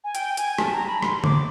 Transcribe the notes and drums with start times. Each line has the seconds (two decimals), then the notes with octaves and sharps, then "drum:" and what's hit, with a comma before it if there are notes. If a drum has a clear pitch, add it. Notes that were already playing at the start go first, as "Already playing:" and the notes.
0.04 G#5
0.15 G5, drum: hi-hat
0.37 G#5, drum: hi-hat
0.58 A5, drum: rim click
0.73 A#5
0.87 B5
1.02 C6, drum: rim click
1.24 D6, drum: tom D3